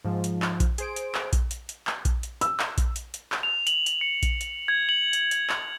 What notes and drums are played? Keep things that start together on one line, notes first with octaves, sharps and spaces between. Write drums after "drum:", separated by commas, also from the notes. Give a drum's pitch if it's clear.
G#2 F3
drum: hi-hat
drum: clap
drum: kick A#1, hi-hat
G#4 C5 D7, drum: hi-hat
drum: hi-hat
drum: clap
drum: kick A#1, hi-hat
drum: hi-hat
drum: hi-hat
drum: clap
drum: kick A#1, hi-hat
drum: hi-hat
E6, drum: hi-hat
drum: clap
drum: kick A#1, hi-hat
drum: hi-hat
drum: hi-hat
drum: clap
F7
F#7, drum: hi-hat
drum: hi-hat
C#7
drum: kick A#1, hi-hat
drum: hi-hat
G#6
F#7
drum: hi-hat
drum: hi-hat
drum: clap